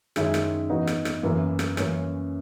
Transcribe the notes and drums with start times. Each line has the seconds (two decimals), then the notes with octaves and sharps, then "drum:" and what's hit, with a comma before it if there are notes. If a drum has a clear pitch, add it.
0.16 F#2 D#3 G#3 C#4 E4, drum: rim click
0.34 drum: rim click
0.70 E3 B3 D#4 F#4
0.87 drum: rim click
1.05 drum: rim click
1.23 F#2 E3 A#3
1.59 drum: rim click
1.77 F#2 E3 A#3 C#4, drum: rim click